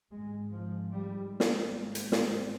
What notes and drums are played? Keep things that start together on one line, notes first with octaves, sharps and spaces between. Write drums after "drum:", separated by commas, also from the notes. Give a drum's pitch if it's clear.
G#1 G#2 G#3
F3
G3
drum: snare
A#3
drum: hi-hat
C4, drum: snare